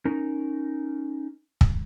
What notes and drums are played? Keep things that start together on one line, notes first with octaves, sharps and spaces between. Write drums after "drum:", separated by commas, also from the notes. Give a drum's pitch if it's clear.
C#4 D#4 A#4
drum: kick